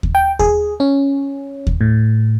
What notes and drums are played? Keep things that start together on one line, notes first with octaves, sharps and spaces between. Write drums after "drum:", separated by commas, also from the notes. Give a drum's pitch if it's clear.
drum: kick D#2
G5
G#4, drum: kick D#2
C#4
drum: kick D#2
A2